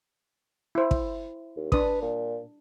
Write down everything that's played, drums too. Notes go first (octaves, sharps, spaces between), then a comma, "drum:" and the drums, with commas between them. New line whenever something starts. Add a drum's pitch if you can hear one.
E4 C5
drum: kick
D#2
D4 B4 D#6, drum: kick
A#2